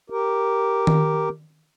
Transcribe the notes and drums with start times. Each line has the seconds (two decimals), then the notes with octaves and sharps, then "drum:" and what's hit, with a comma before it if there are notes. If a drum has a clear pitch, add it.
0.10 G4 A#4
0.87 drum: tom D#3